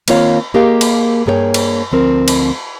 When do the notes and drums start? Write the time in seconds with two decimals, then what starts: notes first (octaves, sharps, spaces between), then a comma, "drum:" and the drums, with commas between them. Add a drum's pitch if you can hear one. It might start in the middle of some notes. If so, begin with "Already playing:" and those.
0.08 D#3 A#3 C4 F4 C#5 F5, drum: cymbal
0.54 A#3 G4 G#4 A#4 D#5 F5
0.81 drum: cymbal
1.26 G2 A#3 G#4 A#4 C#5 G5
1.54 drum: cymbal
1.92 D2 F3 C4 A#4
2.28 drum: cymbal